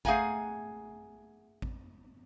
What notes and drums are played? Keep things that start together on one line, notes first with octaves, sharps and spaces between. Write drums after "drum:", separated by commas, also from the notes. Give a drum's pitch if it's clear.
A3 G#4 F5 F#5 G#5 A#5, drum: kick A1
drum: kick A1